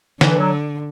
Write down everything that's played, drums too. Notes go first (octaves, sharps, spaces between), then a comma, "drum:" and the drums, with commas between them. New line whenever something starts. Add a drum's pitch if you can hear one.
D3 E3, drum: snare
F#3